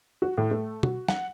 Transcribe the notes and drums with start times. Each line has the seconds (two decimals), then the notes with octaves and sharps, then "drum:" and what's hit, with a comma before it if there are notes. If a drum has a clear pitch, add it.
0.22 F#4
0.38 A2
0.51 A3
0.83 F#4, drum: tom
1.08 F#5, drum: snare